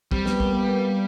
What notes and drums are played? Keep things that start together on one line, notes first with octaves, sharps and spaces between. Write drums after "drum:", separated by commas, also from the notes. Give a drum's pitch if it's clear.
G3 C4, drum: kick
B3, drum: snare
A#3, drum: kick
B3
A#3